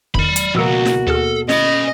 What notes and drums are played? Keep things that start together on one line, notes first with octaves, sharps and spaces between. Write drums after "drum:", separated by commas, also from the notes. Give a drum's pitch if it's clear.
E2 D#3 D5 B5, drum: kick
drum: hi-hat
C#2 B2 F3 A#3 F#4 E6 C#7
drum: snare
D#2 G#4 A4 F6
C#4 D#5 B5, drum: snare